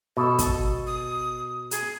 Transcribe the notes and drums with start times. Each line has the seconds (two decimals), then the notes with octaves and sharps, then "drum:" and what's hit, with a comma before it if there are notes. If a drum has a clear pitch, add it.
0.17 B2 A4
0.39 drum: kick, hi-hat
0.87 D#6
1.71 G#4, drum: hi-hat